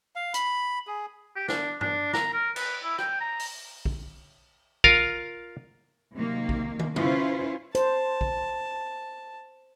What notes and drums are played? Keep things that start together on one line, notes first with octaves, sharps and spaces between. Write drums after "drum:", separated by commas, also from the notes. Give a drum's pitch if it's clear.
F5
B5, drum: hi-hat
G#4
G4
D4, drum: snare
D4, drum: tom G2
A#5, drum: snare
A#4
B4, drum: cymbal
E4
G5, drum: rim click
A#5
drum: open hi-hat
drum: kick
F4 A#4 F5, drum: kick
C3 D#3 F#3 A#3
drum: kick
drum: tom
C#4 E4 F4 B4 C5, drum: tom
C5 A5, drum: hi-hat
drum: kick